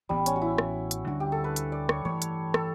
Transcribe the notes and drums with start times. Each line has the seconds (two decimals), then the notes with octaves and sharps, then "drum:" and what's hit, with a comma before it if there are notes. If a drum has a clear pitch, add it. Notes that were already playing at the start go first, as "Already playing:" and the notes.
0.09 A1 A2 E3 G3 B3
0.26 C#4, drum: hi-hat
0.36 F#4
0.42 E4
0.58 drum: rim click
0.91 drum: hi-hat
1.07 D2 D3 G3 D4 F#4
1.20 G4
1.32 A4
1.44 B4
1.56 drum: hi-hat
1.72 D5
1.89 C#5, drum: rim click
2.05 G2 E3 A3 C#5
2.22 drum: hi-hat
2.54 A4, drum: rim click